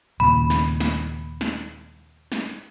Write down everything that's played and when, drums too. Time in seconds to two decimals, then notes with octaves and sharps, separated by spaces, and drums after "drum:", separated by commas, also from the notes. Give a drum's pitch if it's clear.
0.20 D#2 A#2 C#3 B5
0.50 drum: snare
0.80 drum: snare
1.41 drum: snare
2.32 drum: snare